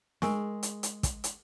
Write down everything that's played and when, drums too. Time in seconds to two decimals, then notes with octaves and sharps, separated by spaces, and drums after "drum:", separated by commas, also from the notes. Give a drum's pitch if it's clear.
0.22 G#3 A#4 G#5 C#6, drum: snare
0.63 drum: hi-hat
0.83 drum: hi-hat
1.03 drum: kick, hi-hat
1.24 drum: hi-hat